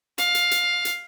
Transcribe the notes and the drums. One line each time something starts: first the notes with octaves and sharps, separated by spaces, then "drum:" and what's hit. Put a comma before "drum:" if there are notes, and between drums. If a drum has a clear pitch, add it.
F5, drum: hi-hat
drum: hi-hat
drum: hi-hat
drum: hi-hat